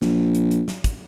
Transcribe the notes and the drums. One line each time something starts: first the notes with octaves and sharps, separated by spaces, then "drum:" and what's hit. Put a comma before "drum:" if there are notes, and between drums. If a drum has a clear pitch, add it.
A#1, drum: snare
drum: hi-hat
drum: hi-hat
drum: snare
drum: kick, hi-hat